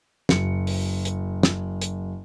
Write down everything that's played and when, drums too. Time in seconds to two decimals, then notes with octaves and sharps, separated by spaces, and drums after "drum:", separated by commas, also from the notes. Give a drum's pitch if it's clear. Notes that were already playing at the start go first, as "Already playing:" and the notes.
0.29 F#1 C#7, drum: snare
0.67 drum: open hi-hat
1.05 drum: hi-hat
1.43 drum: snare
1.81 drum: hi-hat